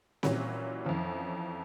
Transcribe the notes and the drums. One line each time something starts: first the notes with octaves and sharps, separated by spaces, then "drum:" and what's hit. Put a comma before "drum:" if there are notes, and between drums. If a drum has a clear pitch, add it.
A#2 E3 F#3 G3 C#4, drum: snare C4
F2 E3 F3 C#4